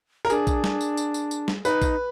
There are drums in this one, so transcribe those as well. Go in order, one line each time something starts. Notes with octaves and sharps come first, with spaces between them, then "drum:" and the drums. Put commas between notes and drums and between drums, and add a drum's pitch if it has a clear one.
A#4
D4 G#4, drum: tambourine
drum: kick A#1, tambourine
drum: snare
drum: tambourine
drum: tambourine
drum: tambourine
drum: tambourine
drum: snare
D#4 B4, drum: tambourine
drum: kick A#1, tambourine